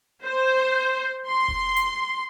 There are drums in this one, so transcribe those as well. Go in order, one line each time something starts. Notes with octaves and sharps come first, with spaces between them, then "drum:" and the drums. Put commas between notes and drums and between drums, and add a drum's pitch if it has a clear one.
C5
C6
drum: kick F1
drum: hi-hat